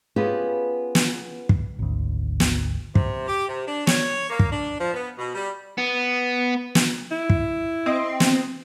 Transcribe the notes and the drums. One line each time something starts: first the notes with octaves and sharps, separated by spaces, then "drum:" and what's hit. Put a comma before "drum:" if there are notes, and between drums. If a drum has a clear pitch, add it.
B3 C#4 F4 G4 G#4 B4
drum: snare
drum: kick
G#1 D2
drum: snare
C3, drum: kick
G4
C3
D4
C#5, drum: snare
A#3
drum: kick
D4
F3
B3
B2
G3
B3
drum: snare
E4
drum: kick
C4 D#5
drum: snare